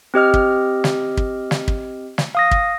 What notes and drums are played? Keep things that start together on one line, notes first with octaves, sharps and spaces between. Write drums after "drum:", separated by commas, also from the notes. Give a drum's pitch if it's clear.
C4 G4 D#5 F6
drum: kick
drum: snare
drum: kick
drum: snare
drum: kick
drum: snare
F5 D#6 A#6
drum: kick